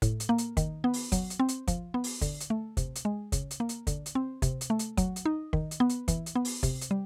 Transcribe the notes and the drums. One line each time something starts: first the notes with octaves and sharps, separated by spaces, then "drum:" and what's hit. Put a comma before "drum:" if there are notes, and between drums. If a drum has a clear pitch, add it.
A2, drum: kick, hi-hat
drum: hi-hat
A#3
drum: hi-hat
D#3, drum: kick, hi-hat
B3
drum: open hi-hat
F#3, drum: kick, hi-hat
drum: hi-hat
C4
drum: hi-hat
F3, drum: kick, hi-hat
B3
drum: open hi-hat
D3, drum: kick, hi-hat
drum: hi-hat
A3
C3, drum: kick, hi-hat
drum: hi-hat
G#3
C#3, drum: kick, hi-hat
drum: hi-hat
A#3
drum: hi-hat
D3, drum: kick, hi-hat
drum: hi-hat
C4
C3, drum: kick, hi-hat
drum: hi-hat
A3
drum: hi-hat
F#3, drum: kick, hi-hat
drum: hi-hat
D#4
D#3, drum: kick
drum: hi-hat
B3
drum: hi-hat
E3, drum: kick, hi-hat
drum: hi-hat
B3
drum: open hi-hat
C3, drum: kick, hi-hat
drum: hi-hat
G3